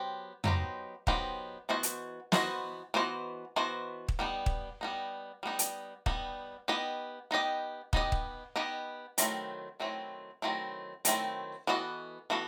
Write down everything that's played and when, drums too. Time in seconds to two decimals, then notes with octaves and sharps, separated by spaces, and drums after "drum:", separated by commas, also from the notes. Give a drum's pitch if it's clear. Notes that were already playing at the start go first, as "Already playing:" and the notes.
Already playing: F#3 B3 G4 C5
0.44 F#3 B3 D#4 G4 C5, drum: tom
1.07 F#3 B3 D#4 G4 C5, drum: kick
1.69 E3 B3 F#4 C5 D#5
1.83 drum: hi-hat
2.32 E3 B3 F#4 C5 D#5, drum: snare
2.94 E3 B3 F#4 C5 D#5
3.56 E3 B3 F#4 C5 D#5
4.08 drum: kick
4.19 G3 B3 D#4
4.46 drum: kick
4.81 G3 B3 D#4
5.43 G3 B3 D#4
5.59 drum: hi-hat
6.06 G3 B3 D#4, drum: kick
6.68 B3 D#4 G4 D#5
7.31 B3 D#4 G4 D#5
7.93 B3 D#4 G4 D#5, drum: kick
8.12 drum: kick
8.56 B3 D#4 G4 D#5
9.18 D#3 F#3 A3 C4 E4, drum: hi-hat
9.80 D#3 F#3 A3 C4 E4
10.42 D#3 F#3 A3 C4 E4
11.05 D#3 F#3 A3 C4 E4, drum: hi-hat
11.67 E3 B3 F#4 A4 D#5
12.30 E3 B3 F#4 A4